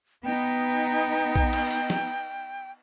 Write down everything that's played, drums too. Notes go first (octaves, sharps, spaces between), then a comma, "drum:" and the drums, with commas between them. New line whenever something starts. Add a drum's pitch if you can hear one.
B3 D#4 G5
drum: kick A#1
drum: cymbal
drum: hi-hat
drum: snare